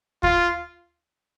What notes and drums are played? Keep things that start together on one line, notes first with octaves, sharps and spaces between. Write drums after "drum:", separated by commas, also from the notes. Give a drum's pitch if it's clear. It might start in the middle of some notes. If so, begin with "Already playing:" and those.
F4, drum: kick